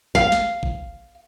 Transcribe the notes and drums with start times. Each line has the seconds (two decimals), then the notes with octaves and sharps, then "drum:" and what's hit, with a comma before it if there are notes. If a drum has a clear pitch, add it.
0.15 F5, drum: kick
0.32 drum: snare
0.63 drum: kick